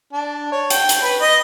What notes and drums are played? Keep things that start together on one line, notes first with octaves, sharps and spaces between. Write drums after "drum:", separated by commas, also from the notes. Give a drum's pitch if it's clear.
D4
C#5
G5, drum: hi-hat
drum: hi-hat
B4
D#5